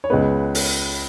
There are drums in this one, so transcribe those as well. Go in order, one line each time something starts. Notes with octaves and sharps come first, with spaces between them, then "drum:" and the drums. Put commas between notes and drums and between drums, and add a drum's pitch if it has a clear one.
C#5
C#2 C#3 G#3 B3 B4
drum: open hi-hat